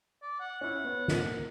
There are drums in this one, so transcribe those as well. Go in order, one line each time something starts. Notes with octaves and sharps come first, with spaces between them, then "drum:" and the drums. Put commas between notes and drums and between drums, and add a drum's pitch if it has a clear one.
D5
F#5
C#4 E4 F#5
B3 C#5
A#3, drum: snare